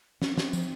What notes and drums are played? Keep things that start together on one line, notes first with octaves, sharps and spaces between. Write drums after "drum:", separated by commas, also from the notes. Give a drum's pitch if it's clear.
C4 C#4, drum: snare
C#4, drum: snare
F3, drum: tambourine